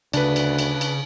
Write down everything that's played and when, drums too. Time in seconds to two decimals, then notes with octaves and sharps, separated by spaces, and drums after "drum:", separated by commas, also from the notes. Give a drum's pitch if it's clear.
0.13 D2 C#3 D4 B4, drum: cymbal
0.36 drum: cymbal
0.59 drum: cymbal
0.81 drum: cymbal